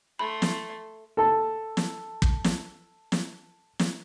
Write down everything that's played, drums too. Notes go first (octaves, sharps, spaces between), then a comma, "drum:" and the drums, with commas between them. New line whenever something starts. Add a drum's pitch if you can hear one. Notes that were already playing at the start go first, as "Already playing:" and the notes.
A3 B5 C6
drum: snare
A4 A5
drum: snare
drum: kick
drum: snare
drum: snare
drum: snare